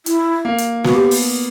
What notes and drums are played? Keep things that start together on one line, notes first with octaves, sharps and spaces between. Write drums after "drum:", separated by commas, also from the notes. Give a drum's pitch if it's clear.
E4, drum: hi-hat
A#3
drum: hi-hat
B3 F#4, drum: snare
G4
drum: open hi-hat